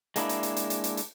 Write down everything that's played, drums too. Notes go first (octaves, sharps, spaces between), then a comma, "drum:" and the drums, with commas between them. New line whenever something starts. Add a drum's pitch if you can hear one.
G#3 A#3 D4 E4, drum: hi-hat
drum: hi-hat
drum: hi-hat
drum: hi-hat
drum: hi-hat
drum: hi-hat
drum: hi-hat